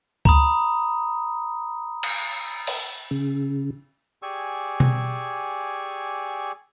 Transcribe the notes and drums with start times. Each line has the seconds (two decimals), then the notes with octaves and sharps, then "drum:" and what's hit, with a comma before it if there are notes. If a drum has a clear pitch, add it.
0.25 A#5 B5 D#6, drum: kick C#2
2.03 drum: cymbal
2.67 drum: open hi-hat
3.11 C#3
4.22 G4 G#4 D5 G#5 C#6 E6
4.80 drum: tom B2